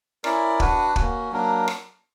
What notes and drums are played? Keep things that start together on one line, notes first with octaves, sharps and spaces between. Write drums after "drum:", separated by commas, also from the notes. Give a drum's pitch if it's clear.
C#4 E4 A#4 D5, drum: rim click
D4 F#4 B4 F#5, drum: kick
A#3 C#4 F#4, drum: kick
F#3 A#3 D4 A#4
drum: rim click